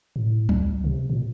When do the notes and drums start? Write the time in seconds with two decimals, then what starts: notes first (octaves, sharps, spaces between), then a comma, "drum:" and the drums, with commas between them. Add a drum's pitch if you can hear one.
0.16 A2
0.49 C#2, drum: tom F#3
0.84 C3
1.10 A#2